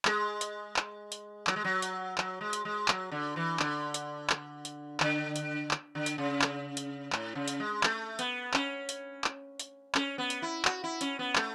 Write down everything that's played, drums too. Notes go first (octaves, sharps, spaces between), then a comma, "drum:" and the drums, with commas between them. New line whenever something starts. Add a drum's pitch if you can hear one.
G#3, drum: clap
drum: hi-hat
drum: clap
drum: hi-hat
F#3, drum: clap
G#3
F#3
drum: hi-hat
F#3, drum: clap
G#3
drum: hi-hat
G#3
F#3, drum: clap
D3
E3
D3, drum: clap
drum: hi-hat
drum: clap
drum: hi-hat
D3, drum: clap
drum: hi-hat
drum: clap
D3
drum: hi-hat
C#3
drum: clap
drum: hi-hat
A2, drum: clap
C#3
drum: hi-hat
G#3
A3, drum: clap
B3, drum: hi-hat
C#4, drum: clap
drum: hi-hat
drum: clap
drum: hi-hat
C#4, drum: clap
B3
drum: hi-hat
E4
F#4, drum: clap
E4
C#4, drum: hi-hat
B3
A3, drum: clap